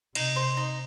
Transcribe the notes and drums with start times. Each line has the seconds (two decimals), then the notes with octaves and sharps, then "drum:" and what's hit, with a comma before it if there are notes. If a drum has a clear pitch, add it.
0.15 C3 D#4, drum: cymbal
0.36 C5
0.57 D#4